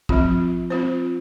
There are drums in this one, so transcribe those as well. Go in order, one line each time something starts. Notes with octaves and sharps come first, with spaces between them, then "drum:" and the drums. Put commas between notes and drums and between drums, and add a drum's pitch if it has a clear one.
F3 C4 F4, drum: kick
C4 F4 C5